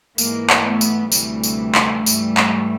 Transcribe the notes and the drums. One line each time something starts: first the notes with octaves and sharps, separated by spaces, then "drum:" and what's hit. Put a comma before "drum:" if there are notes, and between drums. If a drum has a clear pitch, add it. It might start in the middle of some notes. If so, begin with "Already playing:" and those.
G#2 E3 G#3 A#3, drum: tambourine
drum: clap
A3 B3
drum: tambourine
D2 C3 E3 G3 A3, drum: tambourine
drum: tambourine
drum: clap
G#2 E3, drum: tambourine
drum: clap